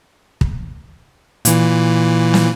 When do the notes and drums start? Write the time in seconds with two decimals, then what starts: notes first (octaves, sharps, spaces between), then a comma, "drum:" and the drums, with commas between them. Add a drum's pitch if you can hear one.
0.41 drum: kick
1.45 A#2 E3, drum: hi-hat
2.34 drum: snare